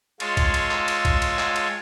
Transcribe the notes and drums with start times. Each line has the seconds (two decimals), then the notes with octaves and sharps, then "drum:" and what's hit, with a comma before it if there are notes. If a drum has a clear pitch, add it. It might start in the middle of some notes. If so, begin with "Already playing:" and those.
0.20 G#3 F4 C#5 G#5 A5 E6, drum: cymbal
0.37 drum: kick, cymbal
0.54 drum: cymbal
0.71 drum: clap
0.88 drum: cymbal
1.05 drum: kick, cymbal
1.22 drum: cymbal
1.39 drum: clap
1.56 drum: cymbal